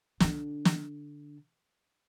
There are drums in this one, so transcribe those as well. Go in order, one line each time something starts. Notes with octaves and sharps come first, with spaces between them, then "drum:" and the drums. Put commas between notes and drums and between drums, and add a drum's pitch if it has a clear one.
D3 D4, drum: snare
drum: snare